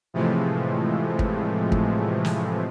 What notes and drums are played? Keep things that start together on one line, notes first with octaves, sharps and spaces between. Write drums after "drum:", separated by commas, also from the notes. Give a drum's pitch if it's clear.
A2 C3 E3 F3 G#3 A3
drum: kick
drum: kick
drum: snare